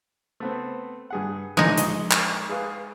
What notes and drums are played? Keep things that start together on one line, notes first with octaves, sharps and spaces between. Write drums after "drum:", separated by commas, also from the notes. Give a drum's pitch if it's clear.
A3 B3 C4
G2 G#4 F#5
A1 D3 E3 G#3 D#4
A#1, drum: hi-hat
drum: clap
G#4 B4 F5